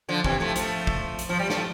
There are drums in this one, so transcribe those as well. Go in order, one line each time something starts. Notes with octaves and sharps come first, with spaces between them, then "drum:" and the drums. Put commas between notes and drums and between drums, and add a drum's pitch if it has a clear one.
D3 F3
C3 E3, drum: kick
F3 A3
F3 A3, drum: hi-hat
drum: kick
drum: hi-hat
F3
G3
F3 A3, drum: snare